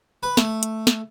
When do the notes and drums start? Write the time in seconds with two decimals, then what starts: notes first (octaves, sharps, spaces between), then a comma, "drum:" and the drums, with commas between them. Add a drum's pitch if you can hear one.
0.23 B4
0.37 A3, drum: snare
0.63 drum: hi-hat
0.87 drum: snare